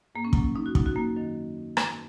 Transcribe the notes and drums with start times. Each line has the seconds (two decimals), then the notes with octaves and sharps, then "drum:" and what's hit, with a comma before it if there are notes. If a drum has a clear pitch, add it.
0.15 G#2 A#3
0.25 C#4
0.33 F#3 A#3, drum: kick
0.55 G#2 D#4
0.66 F#4
0.75 F#3 D#4, drum: kick
0.86 F#4
0.95 F#2 A#3
1.16 D#3 F#3
1.77 drum: rim click